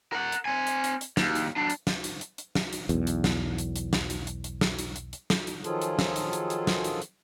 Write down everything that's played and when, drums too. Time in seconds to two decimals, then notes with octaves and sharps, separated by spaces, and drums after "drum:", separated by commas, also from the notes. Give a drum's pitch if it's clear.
0.12 A#4 F#5
0.32 drum: hi-hat
0.45 C4 G#5
0.67 drum: hi-hat
0.84 drum: hi-hat
1.01 drum: hi-hat
1.17 D#2, drum: snare
1.35 drum: hi-hat
1.56 F#3 D4
1.70 drum: hi-hat
1.87 drum: snare
2.04 drum: hi-hat
2.21 drum: hi-hat
2.38 drum: hi-hat
2.55 drum: snare
2.73 drum: hi-hat
2.89 B1 E2, drum: hi-hat
3.07 drum: hi-hat
3.24 drum: snare
3.58 drum: hi-hat
3.76 drum: hi-hat
3.93 drum: snare
4.10 drum: hi-hat
4.27 drum: hi-hat
4.44 drum: hi-hat
4.61 drum: snare
4.79 drum: hi-hat
4.96 drum: hi-hat
5.13 drum: hi-hat
5.30 drum: snare
5.47 drum: hi-hat
5.64 D#3 F3 F#3 F4 G#4 A4, drum: hi-hat
5.82 drum: hi-hat
5.99 drum: snare
6.16 drum: hi-hat
6.33 drum: hi-hat
6.50 drum: hi-hat
6.67 drum: snare
6.84 drum: hi-hat
7.02 drum: hi-hat